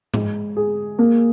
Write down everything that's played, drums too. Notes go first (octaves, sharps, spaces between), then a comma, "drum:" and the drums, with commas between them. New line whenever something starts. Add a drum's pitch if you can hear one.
G#3, drum: tom G#2
G#4
A#3